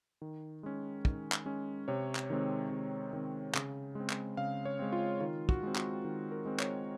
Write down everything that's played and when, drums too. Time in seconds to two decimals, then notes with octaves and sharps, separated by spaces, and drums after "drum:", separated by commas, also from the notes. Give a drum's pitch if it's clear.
0.22 D#3
0.63 G#3 C#4
1.05 D#3, drum: kick
1.32 drum: clap
1.46 G#3 C#4
1.88 C3 C#5
2.15 drum: clap
2.30 D#3 G#3 C4
2.71 C3
3.13 D#3 G#3 C4
3.54 C#3, drum: clap
3.95 G#3 C4
4.10 drum: clap
4.37 C#3 F5
4.65 C#5
4.79 G#3 C4
4.92 F4
5.21 D#3 F4
5.49 F#4, drum: kick
5.63 G#3 C4
5.76 F#4, drum: clap
6.05 D#3
6.31 A#4
6.46 G#3 C4
6.60 C#5, drum: clap